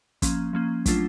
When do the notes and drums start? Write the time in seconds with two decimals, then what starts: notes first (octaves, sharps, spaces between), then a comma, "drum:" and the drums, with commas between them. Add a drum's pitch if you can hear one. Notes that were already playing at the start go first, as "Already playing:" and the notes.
0.22 F3 A#3 C#4, drum: kick, hi-hat
0.53 F3 A#3 C#4
0.86 F#3 A3 D4 F4, drum: kick, hi-hat